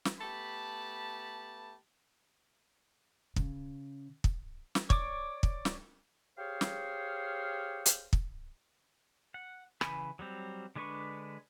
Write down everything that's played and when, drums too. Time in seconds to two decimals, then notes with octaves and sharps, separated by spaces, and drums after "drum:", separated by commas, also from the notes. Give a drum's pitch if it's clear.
0.05 drum: snare
0.20 A3 B3 G4 A5 B5
3.36 C#3, drum: kick
4.24 drum: kick
4.75 drum: snare
4.90 C#5 D5 D6, drum: kick
5.43 drum: kick
5.65 drum: snare
6.38 G4 G#4 C5 C#5 F5
6.61 drum: snare
7.86 drum: hi-hat
8.13 drum: kick
9.34 F#5
9.81 C#3 E3 G#5 B5, drum: rim click
10.19 F#3 G3 C4
10.76 D3 G#3 D4 B4 C#6